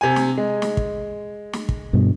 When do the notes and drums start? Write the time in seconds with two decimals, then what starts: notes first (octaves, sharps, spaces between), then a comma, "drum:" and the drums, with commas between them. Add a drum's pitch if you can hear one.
0.01 C3 G#5
0.16 drum: snare
0.37 G#3
0.62 drum: snare
0.77 drum: kick
1.53 drum: snare
1.69 drum: kick
1.93 G2 B2